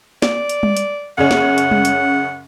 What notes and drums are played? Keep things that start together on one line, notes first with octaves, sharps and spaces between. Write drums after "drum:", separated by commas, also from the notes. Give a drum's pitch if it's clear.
D5, drum: snare
drum: hi-hat
drum: tom G3
drum: hi-hat
F#2 C#3 C#4 F#5
drum: snare
drum: hi-hat
drum: tom G3
drum: hi-hat